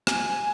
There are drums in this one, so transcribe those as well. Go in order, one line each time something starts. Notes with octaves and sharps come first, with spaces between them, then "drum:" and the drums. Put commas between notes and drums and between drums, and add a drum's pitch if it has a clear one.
G#5, drum: rim click